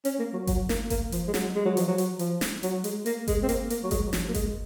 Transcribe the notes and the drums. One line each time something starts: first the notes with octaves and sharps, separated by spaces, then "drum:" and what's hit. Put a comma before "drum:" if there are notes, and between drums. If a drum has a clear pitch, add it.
C#4, drum: hi-hat
A#3
F#3
F#3, drum: kick G1, hi-hat
A#3, drum: snare
A#3, drum: kick G1, hi-hat
F3, drum: hi-hat
G#3
F#3, drum: snare
G#3
F#3
F3, drum: hi-hat
F#3
drum: hi-hat
F3, drum: hi-hat
drum: snare
F#3, drum: hi-hat
G#3, drum: hi-hat
A#3, drum: hi-hat
G#3, drum: kick G1, hi-hat
C4
A#3, drum: hi-hat
A#3, drum: hi-hat
F#3
G#3, drum: kick G1, hi-hat
F#3
F3, drum: snare
F#3
A#3
G#3, drum: kick G1, hi-hat